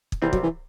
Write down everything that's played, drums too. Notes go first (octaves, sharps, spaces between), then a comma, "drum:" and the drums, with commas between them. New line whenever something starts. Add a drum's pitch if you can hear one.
drum: kick
C2 C3 E3 G3 C4
F#3, drum: kick
E3